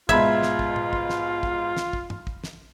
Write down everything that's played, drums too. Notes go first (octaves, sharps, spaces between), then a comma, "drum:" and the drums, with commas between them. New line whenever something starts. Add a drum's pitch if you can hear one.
G#2 B2 F4 E5 B5 G#6, drum: kick
drum: snare
drum: kick
drum: tom A#2
drum: kick
drum: snare
drum: kick
drum: snare
drum: kick
drum: tom
drum: kick
drum: snare